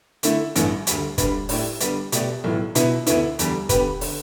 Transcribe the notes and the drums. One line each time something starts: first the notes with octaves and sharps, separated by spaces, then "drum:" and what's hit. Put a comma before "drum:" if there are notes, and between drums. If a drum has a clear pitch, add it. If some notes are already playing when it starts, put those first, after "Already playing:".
D3 A3 E4, drum: hi-hat
A1 G2 E3 A3, drum: hi-hat
D2 D3 G3, drum: hi-hat
D2 D3 G3 D4 B4, drum: kick, hi-hat
A2 A3 E4 G4 D5, drum: open hi-hat
D3 G3 B3 D4, drum: hi-hat
B2 A3 G4 D5, drum: hi-hat
B1 A2 E3
B2 B3 E4, drum: hi-hat
D2 D3 B3 E4, drum: hi-hat
E2 D3 G3, drum: hi-hat
D3 B3 G4 B4, drum: kick, hi-hat
D3, drum: open hi-hat